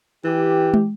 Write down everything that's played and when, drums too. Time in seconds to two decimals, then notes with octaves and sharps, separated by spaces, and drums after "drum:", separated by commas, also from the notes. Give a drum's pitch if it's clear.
0.25 E3 G4
0.74 drum: tom